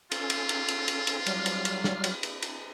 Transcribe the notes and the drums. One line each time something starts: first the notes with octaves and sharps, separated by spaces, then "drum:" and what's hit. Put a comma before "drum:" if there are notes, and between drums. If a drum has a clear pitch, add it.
C#4 F4 A4, drum: cymbal
drum: cymbal
drum: cymbal
drum: cymbal
drum: cymbal
drum: cymbal
F#3 G3 F6, drum: cymbal
drum: cymbal
drum: cymbal
drum: snare
drum: cymbal
drum: cymbal
drum: cymbal